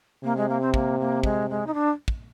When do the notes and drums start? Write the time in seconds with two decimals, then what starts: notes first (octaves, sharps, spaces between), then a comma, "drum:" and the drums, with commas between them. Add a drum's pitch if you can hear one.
0.24 C3 A#3
0.37 G#3
0.49 A#3
0.61 C4
0.74 A#3, drum: kick
1.00 A#3
1.23 G#3, drum: kick
1.50 G#3
1.66 D#4
1.74 D4
2.08 drum: kick